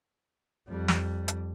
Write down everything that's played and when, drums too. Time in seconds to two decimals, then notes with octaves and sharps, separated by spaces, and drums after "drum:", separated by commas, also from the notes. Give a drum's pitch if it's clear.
0.69 F2 G3
0.88 drum: snare
1.28 drum: hi-hat